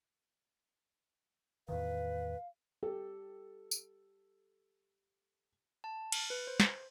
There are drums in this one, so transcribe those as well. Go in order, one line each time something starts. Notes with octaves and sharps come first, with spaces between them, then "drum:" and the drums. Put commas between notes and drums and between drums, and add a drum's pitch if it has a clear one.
E2 A2 D#3 B4 F5
G4 A4
drum: tambourine
A5
F6, drum: cymbal
B4
C5
drum: snare